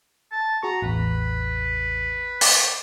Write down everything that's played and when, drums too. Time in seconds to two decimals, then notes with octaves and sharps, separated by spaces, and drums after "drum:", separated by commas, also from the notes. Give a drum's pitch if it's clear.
0.32 A5
0.63 F#4 G#4 A#5 C#6
0.82 A1 E2 B4
2.41 drum: open hi-hat